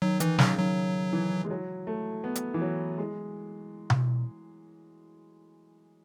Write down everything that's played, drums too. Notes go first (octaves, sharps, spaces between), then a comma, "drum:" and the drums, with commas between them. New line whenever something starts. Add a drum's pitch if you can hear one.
D#3 F#3
D#3 E3, drum: hi-hat
C#3 F#3, drum: snare
D#3 F#3
E3
G#3
F#3
A3
B3
drum: hi-hat
E3
F#3
G#3
drum: tom B2